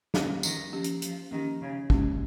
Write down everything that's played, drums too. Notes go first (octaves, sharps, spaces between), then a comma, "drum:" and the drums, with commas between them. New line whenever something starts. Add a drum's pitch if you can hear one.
D#3 A#3 C#4 G4, drum: snare
D#3, drum: tambourine
F3 A#3 C#4 G4
drum: hi-hat
F3, drum: hi-hat
D#3 A#3 C#4 G4
C#3
G#2 A#3 C#4 G4, drum: kick